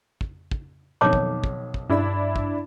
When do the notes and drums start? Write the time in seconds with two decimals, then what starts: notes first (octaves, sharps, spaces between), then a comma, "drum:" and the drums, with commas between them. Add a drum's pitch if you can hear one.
0.21 drum: kick
0.51 drum: kick
1.01 B1 F2 D#3 C#5 A5 D6
1.13 drum: kick
1.44 drum: kick
1.74 drum: kick
1.90 G2 D4 E4 E6
2.36 drum: kick